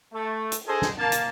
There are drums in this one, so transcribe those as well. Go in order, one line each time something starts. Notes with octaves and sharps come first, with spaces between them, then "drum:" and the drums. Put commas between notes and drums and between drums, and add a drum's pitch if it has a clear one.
A3
drum: hi-hat
D4 G#4 A4 C5 D#5 G#5
drum: snare
A#3 A5
drum: hi-hat